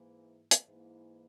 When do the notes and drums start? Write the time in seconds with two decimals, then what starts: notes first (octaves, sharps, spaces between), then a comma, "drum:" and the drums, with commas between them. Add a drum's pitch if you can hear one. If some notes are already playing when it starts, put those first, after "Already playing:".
Already playing: G#2 E3 A#3 E4
0.51 drum: hi-hat
0.66 G#2 E3 A#3 E4